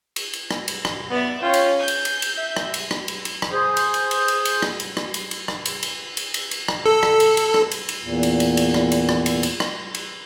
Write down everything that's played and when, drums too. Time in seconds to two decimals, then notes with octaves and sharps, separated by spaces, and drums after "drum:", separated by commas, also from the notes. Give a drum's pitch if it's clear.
0.16 drum: cymbal
0.33 drum: cymbal
0.51 drum: rim click
0.68 drum: cymbal
0.85 drum: rim click
1.10 B3 D5 E5
1.41 C#4 F4 G5
1.54 drum: cymbal
1.78 G#5 G6
1.88 drum: cymbal
2.05 drum: cymbal
2.22 drum: cymbal
2.36 E5
2.56 drum: rim click
2.74 drum: cymbal
2.91 drum: rim click
3.08 drum: cymbal
3.25 drum: cymbal
3.42 drum: rim click
3.52 G#4 C5
3.77 drum: cymbal
3.94 drum: cymbal
4.11 drum: cymbal
4.28 drum: cymbal
4.45 drum: cymbal
4.62 drum: rim click
4.80 drum: cymbal
4.97 drum: rim click
5.14 drum: cymbal
5.31 drum: cymbal
5.48 drum: rim click
5.65 drum: cymbal
5.83 drum: cymbal
6.17 drum: cymbal
6.34 drum: cymbal
6.51 drum: cymbal
6.68 drum: rim click
6.86 A4
7.03 drum: rim click
7.20 drum: cymbal
7.37 drum: cymbal
7.54 drum: rim click
7.71 drum: cymbal
7.89 drum: cymbal
8.02 E2 A#2
8.23 drum: cymbal
8.40 drum: cymbal
8.57 drum: cymbal
8.74 drum: rim click
8.92 drum: cymbal
9.09 drum: rim click
9.26 drum: cymbal
9.43 drum: cymbal
9.60 drum: rim click
9.95 drum: cymbal